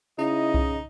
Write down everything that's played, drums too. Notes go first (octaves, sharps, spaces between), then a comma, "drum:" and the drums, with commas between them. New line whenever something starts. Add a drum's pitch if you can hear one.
C#3 D#4 E4 D#5
drum: kick C2